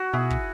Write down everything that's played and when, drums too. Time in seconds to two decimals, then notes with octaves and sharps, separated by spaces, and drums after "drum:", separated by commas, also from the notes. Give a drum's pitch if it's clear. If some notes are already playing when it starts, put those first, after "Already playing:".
Already playing: F#4
0.13 B2 E4 G#4
0.30 drum: kick